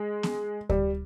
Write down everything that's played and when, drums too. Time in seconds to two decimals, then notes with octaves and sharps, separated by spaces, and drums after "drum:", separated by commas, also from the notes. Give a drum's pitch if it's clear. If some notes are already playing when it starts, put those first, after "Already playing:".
Already playing: G#3
0.23 drum: snare B3
0.69 G3, drum: kick D2